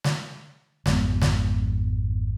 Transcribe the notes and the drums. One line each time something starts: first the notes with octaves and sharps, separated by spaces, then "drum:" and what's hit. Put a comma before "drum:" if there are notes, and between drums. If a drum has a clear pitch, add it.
drum: snare
G#1 F2 G#3 B3, drum: snare
drum: snare